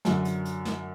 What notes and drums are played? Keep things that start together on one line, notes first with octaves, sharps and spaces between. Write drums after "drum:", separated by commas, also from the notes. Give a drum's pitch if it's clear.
F#2 D3 F#3, drum: snare
drum: hi-hat
drum: hi-hat
drum: snare